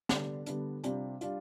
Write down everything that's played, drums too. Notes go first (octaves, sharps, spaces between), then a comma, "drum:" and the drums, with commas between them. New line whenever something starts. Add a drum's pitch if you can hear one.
D3 G3 B3 D4, drum: snare
D3 G3 B3 D4, drum: hi-hat
C3 G3 D4 F4, drum: hi-hat
G3 D4 F4, drum: hi-hat